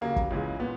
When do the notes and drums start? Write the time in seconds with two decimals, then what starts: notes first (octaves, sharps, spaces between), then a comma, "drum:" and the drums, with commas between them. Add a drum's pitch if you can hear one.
0.01 D#2 C#3 F#3 A#3
0.16 drum: kick
0.31 C#2 C#3 E3 G#3
0.59 A#2 B3